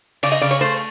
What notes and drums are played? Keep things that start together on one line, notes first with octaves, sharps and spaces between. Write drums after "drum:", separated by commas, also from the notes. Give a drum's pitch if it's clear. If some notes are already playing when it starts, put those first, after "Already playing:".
C#3 D5, drum: cymbal
D#5
C#3 D5
C#5, drum: hi-hat
A3 C5